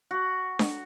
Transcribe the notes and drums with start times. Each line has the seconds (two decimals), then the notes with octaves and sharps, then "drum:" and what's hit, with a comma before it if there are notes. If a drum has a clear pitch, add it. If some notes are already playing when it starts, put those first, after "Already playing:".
0.11 F#4
0.59 drum: snare D4